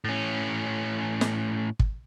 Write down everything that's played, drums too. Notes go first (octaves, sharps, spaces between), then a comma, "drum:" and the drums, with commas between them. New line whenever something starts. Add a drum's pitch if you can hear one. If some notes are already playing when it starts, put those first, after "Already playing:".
A2 C#4
drum: snare
drum: kick